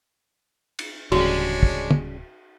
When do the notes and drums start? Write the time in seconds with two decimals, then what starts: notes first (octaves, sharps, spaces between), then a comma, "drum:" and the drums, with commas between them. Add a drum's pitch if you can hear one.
0.79 drum: cymbal
1.12 D1 C#3 G3 G#3 D4 F#4 C#5, drum: cymbal
1.63 drum: kick
1.91 drum: tom